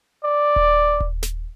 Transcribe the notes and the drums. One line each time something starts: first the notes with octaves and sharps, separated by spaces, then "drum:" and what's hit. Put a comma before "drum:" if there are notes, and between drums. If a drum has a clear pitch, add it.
D5
drum: kick D#1
drum: kick D#1
drum: snare